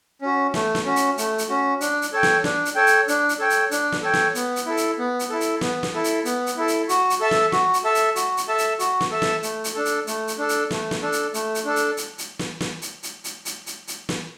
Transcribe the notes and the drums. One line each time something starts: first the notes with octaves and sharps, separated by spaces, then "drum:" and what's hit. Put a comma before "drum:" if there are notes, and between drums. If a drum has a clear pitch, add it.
C#4 F#4
A3, drum: snare
drum: snare
C#4 F#4
drum: hi-hat
A3, drum: hi-hat
drum: hi-hat
C#4 F#4
D4, drum: hi-hat
drum: hi-hat
A4 C#5 G5
drum: snare
D4, drum: snare
drum: hi-hat
A4 C#5 G5
drum: hi-hat
D4, drum: hi-hat
drum: hi-hat
A4 C#5 G5
drum: hi-hat
D4, drum: hi-hat
drum: snare
A4 C#5 G5
drum: snare
B3, drum: hi-hat
drum: hi-hat
E4 A4
drum: hi-hat
B3
drum: hi-hat
E4 A4
drum: hi-hat
B3, drum: snare
drum: snare
E4 A4
drum: hi-hat
B3, drum: hi-hat
drum: hi-hat
E4 A4
drum: hi-hat
F#4, drum: hi-hat
drum: hi-hat
A4 E5 A5
drum: snare
F#4, drum: snare
drum: hi-hat
A4 E5 A5
drum: hi-hat
F#4, drum: hi-hat
drum: hi-hat
A4 E5 A5
drum: hi-hat
F#4, drum: hi-hat
drum: snare
A4 E5 A5
drum: snare
A3, drum: hi-hat
drum: hi-hat
D4 A4
drum: hi-hat
A3, drum: hi-hat
drum: hi-hat
D4 A4
drum: hi-hat
A3, drum: snare
drum: snare
D4 A4
drum: hi-hat
A3, drum: hi-hat
drum: hi-hat
D4 A4
drum: hi-hat
drum: hi-hat
drum: hi-hat
drum: snare
drum: snare
drum: hi-hat
drum: hi-hat
drum: hi-hat
drum: hi-hat
drum: hi-hat
drum: hi-hat
drum: snare